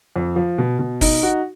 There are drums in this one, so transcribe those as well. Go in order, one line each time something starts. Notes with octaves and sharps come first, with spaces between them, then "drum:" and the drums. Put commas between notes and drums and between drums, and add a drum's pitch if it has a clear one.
F2
F3
B2
B2
D#4, drum: kick, open hi-hat
F#4